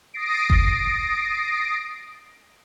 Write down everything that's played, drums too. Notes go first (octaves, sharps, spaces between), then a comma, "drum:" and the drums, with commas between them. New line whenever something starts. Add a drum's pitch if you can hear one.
D#6 A6 A#6 C7 D7
drum: kick G1